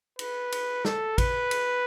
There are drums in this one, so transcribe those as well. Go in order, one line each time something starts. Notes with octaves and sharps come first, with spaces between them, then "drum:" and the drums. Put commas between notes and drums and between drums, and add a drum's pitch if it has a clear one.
B4, drum: cymbal
drum: cymbal
A4, drum: snare
B4, drum: kick A1, cymbal
drum: cymbal